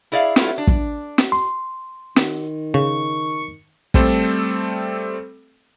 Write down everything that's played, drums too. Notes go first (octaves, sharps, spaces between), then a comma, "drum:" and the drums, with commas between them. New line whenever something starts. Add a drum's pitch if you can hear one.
E4 G#4 D5 E5 F5
F#3 A3 B3 E4 F4, drum: snare
D4
drum: kick
drum: snare
C6
D#3, drum: snare
C#3 C#6
G3 A3 C4 A4 C5, drum: kick